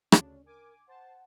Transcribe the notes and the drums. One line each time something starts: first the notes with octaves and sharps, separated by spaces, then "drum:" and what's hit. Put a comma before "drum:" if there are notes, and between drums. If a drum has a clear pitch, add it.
D2 C#3 C#4 D4, drum: rim click
A#4 G#5 D6
C5 F#5 A5